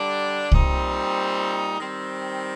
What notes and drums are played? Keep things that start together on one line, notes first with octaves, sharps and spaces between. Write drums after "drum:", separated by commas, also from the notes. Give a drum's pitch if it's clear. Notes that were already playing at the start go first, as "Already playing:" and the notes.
Already playing: D3 G3 D4
A#2 G3 C4 D#4, drum: kick C2
D#3 G3 C4